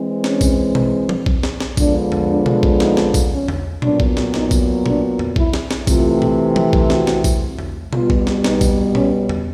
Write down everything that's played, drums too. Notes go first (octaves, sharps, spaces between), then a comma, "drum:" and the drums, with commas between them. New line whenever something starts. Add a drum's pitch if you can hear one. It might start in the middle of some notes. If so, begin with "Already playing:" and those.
Already playing: E3 G#3 C4
C#4, drum: snare
drum: kick A#1, tambourine
drum: tom B2
drum: tom F3
drum: kick A#1
drum: snare
drum: snare
D3 F3 G#3 B3 D4, drum: kick A#1, tambourine
drum: tom E2
D4
drum: tom B2
drum: kick A#1
D#4, drum: snare
drum: snare
drum: kick A#1, tambourine
C#4
drum: tom E2
A#2 F#3 B3 D4, drum: tom A#2
drum: kick A#1
drum: snare
D#4, drum: snare
drum: kick A#1, tambourine
D4, drum: tom A#2
drum: tom E2
E4, drum: kick A#1
drum: snare
drum: snare
C3 E3 A3 C4 F4, drum: kick A#1, tambourine
drum: tom A#2
drum: tom F3
drum: kick A#1
F#4, drum: snare
drum: snare
drum: kick A#1, tambourine
drum: tom E2
B2 G3 B3 F4, drum: tom B2
drum: kick A#1
drum: snare
D#4, drum: snare
drum: kick A#1, tambourine
C#4, drum: tom A#2
drum: tom E2